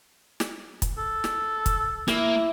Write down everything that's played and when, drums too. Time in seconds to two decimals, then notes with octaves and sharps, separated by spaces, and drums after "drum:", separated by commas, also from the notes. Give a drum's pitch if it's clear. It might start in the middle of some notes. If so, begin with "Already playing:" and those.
0.40 drum: snare
0.82 drum: kick, hi-hat
0.98 A4
1.24 drum: snare
1.66 drum: kick, hi-hat
2.08 A#3 E4, drum: snare